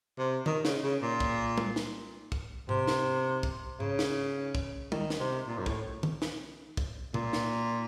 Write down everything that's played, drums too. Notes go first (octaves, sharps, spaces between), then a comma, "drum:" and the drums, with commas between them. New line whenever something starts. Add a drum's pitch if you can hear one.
C3
D#3, drum: tom
C#3, drum: snare
C#3
A#2
drum: kick
drum: tom
drum: snare
drum: kick
C3, drum: tom G#2
drum: snare
drum: kick
C#3, drum: tom G#2
drum: snare
drum: kick
D#3, drum: tom
drum: snare
C3
A#2
F#2
A2, drum: kick
drum: tom
drum: snare
drum: kick
A#2, drum: tom B2
drum: snare